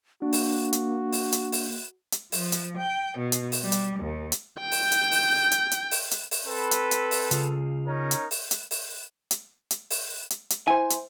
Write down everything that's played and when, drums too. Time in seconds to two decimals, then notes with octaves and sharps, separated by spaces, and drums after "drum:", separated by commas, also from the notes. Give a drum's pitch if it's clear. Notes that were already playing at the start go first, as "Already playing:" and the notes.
0.22 A#3 D4 F#4
0.33 drum: open hi-hat
0.73 drum: hi-hat
1.13 drum: open hi-hat
1.32 drum: hi-hat
1.52 drum: open hi-hat
2.12 drum: hi-hat
2.32 F3, drum: open hi-hat
2.52 drum: hi-hat
2.77 G5
3.18 B2
3.32 drum: hi-hat
3.52 drum: open hi-hat
3.63 G3
3.72 drum: hi-hat
3.99 D#2
4.32 drum: hi-hat
4.60 G5 G6
4.72 drum: open hi-hat
4.92 drum: hi-hat
5.12 drum: open hi-hat
5.52 drum: hi-hat
5.71 drum: hi-hat
5.91 drum: open hi-hat
6.11 drum: hi-hat
6.31 drum: open hi-hat
6.46 C4 A4 B4
6.71 drum: hi-hat
6.91 drum: hi-hat
7.11 drum: open hi-hat
7.31 C#3 F4 G#4, drum: hi-hat
7.87 C#4 D#4 A#4
8.11 drum: hi-hat
8.31 drum: open hi-hat
8.51 drum: hi-hat
8.71 drum: open hi-hat
9.31 drum: hi-hat
9.71 drum: hi-hat
9.91 drum: open hi-hat
10.30 drum: hi-hat
10.50 drum: hi-hat
10.68 E4 C5 G#5
10.90 drum: hi-hat